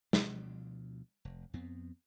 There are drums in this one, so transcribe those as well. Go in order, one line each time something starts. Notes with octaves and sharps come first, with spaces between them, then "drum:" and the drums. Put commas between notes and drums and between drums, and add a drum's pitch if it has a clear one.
D2 B2 F3 D4, drum: snare
F1
F2 B3 C4